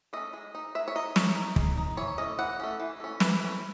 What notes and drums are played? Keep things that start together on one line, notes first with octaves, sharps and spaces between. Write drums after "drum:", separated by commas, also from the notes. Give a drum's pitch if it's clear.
A3 C#4 D#5
G#3
D#4
G#3 E5
C#5
D#4 D#5
G#3 C#5, drum: snare
D#4
G#3, drum: kick
D#4
E3 C#5
A3 C#4 D#5
E3 F#5
A3 C#4
E3
A3 C#4
E3 B4, drum: snare
A3 C#4